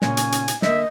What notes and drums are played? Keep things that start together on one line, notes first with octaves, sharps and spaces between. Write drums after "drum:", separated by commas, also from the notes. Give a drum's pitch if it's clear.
A#2 C#3 C#4 G#5, drum: snare
drum: hi-hat
drum: hi-hat
drum: hi-hat
D3 A#3 D#5 E5, drum: snare